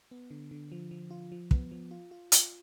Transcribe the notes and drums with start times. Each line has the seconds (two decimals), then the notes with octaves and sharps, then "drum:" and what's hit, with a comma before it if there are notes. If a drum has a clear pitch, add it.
0.11 B3
0.31 D3
0.51 D3
0.72 F3
0.91 F3
1.11 F4
1.32 F3
1.51 B3, drum: kick
1.71 F3
1.91 F4
2.11 F4
2.32 F4, drum: hi-hat